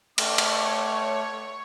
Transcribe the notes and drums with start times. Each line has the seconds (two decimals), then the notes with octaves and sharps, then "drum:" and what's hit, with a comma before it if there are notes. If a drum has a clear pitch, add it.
0.18 A3 C#5 D6, drum: cymbal
0.38 drum: cymbal